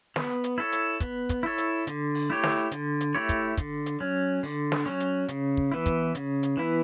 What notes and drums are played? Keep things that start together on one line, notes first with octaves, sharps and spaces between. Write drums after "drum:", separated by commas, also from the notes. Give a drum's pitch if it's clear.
B3, drum: snare
drum: hi-hat
E4 A4 C#5
drum: hi-hat
B3, drum: kick, hi-hat
drum: kick, hi-hat
E4 A4 C#5
drum: hi-hat
D3, drum: hi-hat
drum: open hi-hat
A3 E4 G4 C#5
drum: snare
D3, drum: hi-hat
drum: hi-hat
A3 E4 G4 C#5
drum: kick, hi-hat
D3, drum: kick, hi-hat
drum: hi-hat
F#3 C#4
D3, drum: open hi-hat
drum: snare
F#3 C#4
drum: hi-hat
C#3, drum: hi-hat
drum: kick
E3 B3 E4
drum: kick, hi-hat
C#3, drum: hi-hat
drum: hi-hat
E3 B3 E4